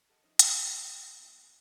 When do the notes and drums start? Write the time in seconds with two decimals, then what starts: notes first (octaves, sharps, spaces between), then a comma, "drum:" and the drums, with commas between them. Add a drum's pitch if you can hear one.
0.09 G4 A4 A#4 D#5 F#5
0.23 F3 D#4 E4
0.39 F#3, drum: hi-hat
0.64 D#5 C6
1.20 A#3 E4 D#7
1.45 F#6